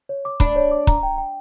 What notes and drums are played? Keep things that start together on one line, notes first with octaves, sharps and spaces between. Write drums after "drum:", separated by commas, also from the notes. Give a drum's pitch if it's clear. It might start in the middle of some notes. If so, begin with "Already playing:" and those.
C#5
D6
D4 B5, drum: kick
C#5
D6
A#5, drum: kick
G5
G5